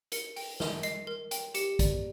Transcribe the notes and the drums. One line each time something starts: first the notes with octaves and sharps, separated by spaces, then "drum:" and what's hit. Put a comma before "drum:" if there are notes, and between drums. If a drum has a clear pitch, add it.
A#4 C#7, drum: hi-hat
G5, drum: open hi-hat
A#4, drum: snare
D#5 C7, drum: hi-hat
A#4
G5, drum: hi-hat
G4 C#7, drum: hi-hat
D5, drum: kick, hi-hat